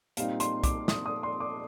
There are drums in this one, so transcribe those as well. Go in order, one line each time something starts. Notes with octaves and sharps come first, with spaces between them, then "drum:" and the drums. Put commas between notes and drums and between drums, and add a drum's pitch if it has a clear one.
A#2 G3 C4 D#4 F5, drum: hi-hat
C6, drum: hi-hat
D6, drum: kick B1, hi-hat
D#6, drum: snare
D#6
C6
D6